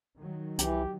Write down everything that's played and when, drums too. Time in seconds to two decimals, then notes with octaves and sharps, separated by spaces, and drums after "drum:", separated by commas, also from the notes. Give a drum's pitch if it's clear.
0.20 D#3 F#3
0.58 C2 E3 G4, drum: hi-hat